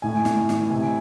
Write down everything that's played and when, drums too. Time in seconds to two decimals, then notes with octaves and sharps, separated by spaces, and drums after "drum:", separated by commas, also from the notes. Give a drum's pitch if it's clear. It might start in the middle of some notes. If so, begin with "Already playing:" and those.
0.02 A2 G#5
0.25 A2, drum: snare
0.49 E3, drum: snare
0.71 C3 G#5